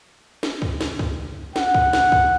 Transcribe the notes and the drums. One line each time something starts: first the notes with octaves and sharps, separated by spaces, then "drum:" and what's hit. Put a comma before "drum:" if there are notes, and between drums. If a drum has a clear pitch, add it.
drum: snare
drum: kick
drum: snare
drum: kick
F#5, drum: snare
drum: kick
drum: snare
drum: kick